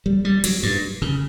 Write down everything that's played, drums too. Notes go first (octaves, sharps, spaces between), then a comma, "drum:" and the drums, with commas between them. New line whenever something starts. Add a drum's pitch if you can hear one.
G3
G3
F#3, drum: cymbal
G2
C#3